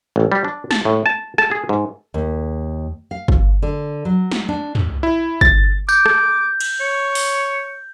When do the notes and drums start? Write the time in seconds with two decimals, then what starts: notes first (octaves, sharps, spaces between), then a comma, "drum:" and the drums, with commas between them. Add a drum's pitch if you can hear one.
0.16 A1
0.32 G3
0.44 D4
0.71 A5, drum: snare G3
0.85 A2
1.06 A5
1.38 A5, drum: rim click
1.51 G#4
1.69 G#2
2.14 D#2
3.11 F5
3.28 drum: kick
3.62 D3
4.05 F#3
4.32 drum: snare G3
4.49 D4
4.75 drum: tom
5.03 E4
5.41 A6, drum: kick
5.89 D6 G6, drum: tambourine
6.06 drum: rim click
6.60 drum: cymbal
6.81 C#5
7.15 drum: open hi-hat